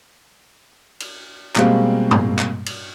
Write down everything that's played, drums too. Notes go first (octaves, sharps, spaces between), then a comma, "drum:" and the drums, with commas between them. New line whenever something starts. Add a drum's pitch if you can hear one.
drum: cymbal
B2 G3 G#3 A#3 C4 F#4, drum: clap
drum: tom G2
drum: clap
drum: cymbal